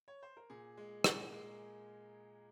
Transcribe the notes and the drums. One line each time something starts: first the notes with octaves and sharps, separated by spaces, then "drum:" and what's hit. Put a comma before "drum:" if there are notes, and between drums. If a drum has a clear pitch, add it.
C#5
C5
A#4
A#2 G#4
G#3
A#2 A#4, drum: rim click
G#3